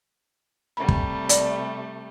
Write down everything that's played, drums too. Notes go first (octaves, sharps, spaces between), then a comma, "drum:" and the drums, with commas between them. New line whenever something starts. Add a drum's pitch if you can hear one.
C3 G3 A3 B5
drum: kick
D5, drum: hi-hat